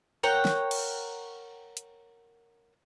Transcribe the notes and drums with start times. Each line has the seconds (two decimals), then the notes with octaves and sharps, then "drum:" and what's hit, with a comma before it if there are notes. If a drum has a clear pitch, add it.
0.23 A#4 C#5 F#5 G5
0.45 drum: snare
0.71 drum: cymbal
1.77 drum: hi-hat